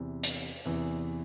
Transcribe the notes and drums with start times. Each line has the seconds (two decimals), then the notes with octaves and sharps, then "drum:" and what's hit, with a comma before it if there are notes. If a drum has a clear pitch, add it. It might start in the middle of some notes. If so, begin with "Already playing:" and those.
Already playing: E2 C3 E3
0.23 drum: hi-hat
0.65 E2 C3 E3